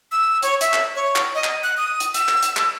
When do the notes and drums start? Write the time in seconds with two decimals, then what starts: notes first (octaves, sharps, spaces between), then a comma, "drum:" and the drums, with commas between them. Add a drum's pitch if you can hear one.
0.12 E6
0.42 C#5, drum: hi-hat
0.61 E5, drum: hi-hat
0.74 drum: clap
0.95 C#5
1.16 drum: clap
1.35 D#5
1.44 drum: clap
1.63 F#6
1.77 D#6
2.00 drum: hi-hat
2.14 E6, drum: hi-hat
2.28 drum: clap
2.43 drum: hi-hat
2.57 drum: clap